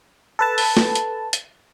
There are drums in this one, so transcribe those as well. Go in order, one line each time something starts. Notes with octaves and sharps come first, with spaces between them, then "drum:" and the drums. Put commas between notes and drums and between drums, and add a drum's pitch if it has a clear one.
A4 B4 A5
drum: open hi-hat
drum: snare
drum: hi-hat
drum: hi-hat